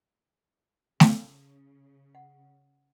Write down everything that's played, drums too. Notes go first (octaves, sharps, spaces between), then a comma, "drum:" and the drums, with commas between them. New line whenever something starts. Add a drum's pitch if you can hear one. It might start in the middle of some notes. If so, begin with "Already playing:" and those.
C#3, drum: snare A3
F#5